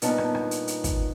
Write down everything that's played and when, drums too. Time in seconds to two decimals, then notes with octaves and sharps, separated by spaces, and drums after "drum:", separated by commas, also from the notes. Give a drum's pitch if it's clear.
0.02 G2 A#2 B3 C#4 D#4 A5, drum: hi-hat
0.18 drum: rim click
0.35 drum: rim click
0.51 drum: hi-hat
0.68 drum: hi-hat
0.84 drum: kick, hi-hat